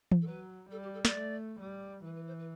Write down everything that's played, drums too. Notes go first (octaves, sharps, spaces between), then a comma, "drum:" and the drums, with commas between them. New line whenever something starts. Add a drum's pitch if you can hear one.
drum: tom E3
A4
F#3 B4
G3 A4
G4
A4
D5, drum: snare
A3
G3
E3 B4
B4
C5
B4